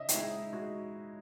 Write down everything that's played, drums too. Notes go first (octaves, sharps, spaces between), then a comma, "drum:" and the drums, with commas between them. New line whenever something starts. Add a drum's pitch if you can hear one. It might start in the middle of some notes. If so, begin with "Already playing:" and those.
Already playing: C#3 D#5 E5
D#4, drum: hi-hat
G#3 E4
G#3 F#4